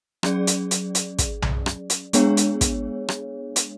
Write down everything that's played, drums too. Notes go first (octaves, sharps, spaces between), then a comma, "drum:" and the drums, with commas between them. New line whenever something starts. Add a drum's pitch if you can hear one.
F#3 C#4 G#4 D5, drum: rim click
drum: hi-hat
drum: hi-hat
drum: hi-hat
drum: kick, hi-hat
drum: tom B1
drum: rim click
drum: hi-hat
G#3 B3 D4 G#4 C#5, drum: hi-hat
drum: hi-hat
drum: kick, hi-hat
drum: rim click
drum: hi-hat